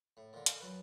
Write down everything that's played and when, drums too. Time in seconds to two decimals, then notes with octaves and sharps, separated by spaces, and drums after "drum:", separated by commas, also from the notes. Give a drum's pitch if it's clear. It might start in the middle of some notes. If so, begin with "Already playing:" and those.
0.17 A2
0.33 A#2 D3
0.46 A4 F5, drum: hi-hat
0.60 F#2 F#3 B4